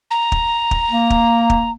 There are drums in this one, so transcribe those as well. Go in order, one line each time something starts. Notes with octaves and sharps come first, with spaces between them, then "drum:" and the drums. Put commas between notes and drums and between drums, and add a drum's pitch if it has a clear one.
A#5
drum: kick
drum: kick
A#3
drum: kick
drum: kick